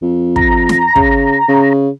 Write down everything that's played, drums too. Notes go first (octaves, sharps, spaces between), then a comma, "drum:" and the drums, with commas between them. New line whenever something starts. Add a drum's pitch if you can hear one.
F2
A#5, drum: kick
drum: snare
C#3, drum: kick
C#3